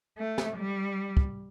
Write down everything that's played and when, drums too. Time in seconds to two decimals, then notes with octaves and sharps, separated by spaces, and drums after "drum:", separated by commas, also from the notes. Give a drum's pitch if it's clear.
0.18 A3
0.38 drum: snare
0.57 G3
1.17 drum: kick